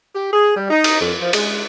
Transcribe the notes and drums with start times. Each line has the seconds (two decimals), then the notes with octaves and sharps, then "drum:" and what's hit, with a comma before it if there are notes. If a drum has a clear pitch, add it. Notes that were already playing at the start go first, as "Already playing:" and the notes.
0.15 G4
0.33 G#4
0.57 G3
0.71 D#4
0.84 drum: cymbal
1.01 F2
1.20 F3
1.33 G#3, drum: cymbal